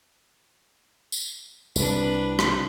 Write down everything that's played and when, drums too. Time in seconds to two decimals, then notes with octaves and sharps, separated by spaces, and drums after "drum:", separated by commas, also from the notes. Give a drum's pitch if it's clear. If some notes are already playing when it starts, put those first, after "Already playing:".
1.12 drum: tambourine
1.76 C2 C3 D4 B4, drum: tambourine
2.39 drum: rim click